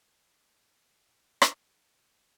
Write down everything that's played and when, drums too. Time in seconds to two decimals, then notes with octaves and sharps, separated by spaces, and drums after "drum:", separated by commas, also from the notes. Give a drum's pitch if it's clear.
0.06 D#3
0.78 D2
1.05 A#3
1.42 drum: rim click
1.54 E3